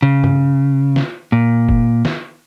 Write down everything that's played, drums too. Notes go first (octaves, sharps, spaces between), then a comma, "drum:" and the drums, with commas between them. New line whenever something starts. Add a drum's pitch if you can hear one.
C#3
drum: tom G2
drum: snare
A#2
drum: kick F#1
drum: snare